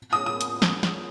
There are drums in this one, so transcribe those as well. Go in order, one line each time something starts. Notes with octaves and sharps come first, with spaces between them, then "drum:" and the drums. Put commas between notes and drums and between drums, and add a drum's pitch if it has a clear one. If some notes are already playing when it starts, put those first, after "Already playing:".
D#6
D#6
drum: hi-hat
drum: snare
drum: snare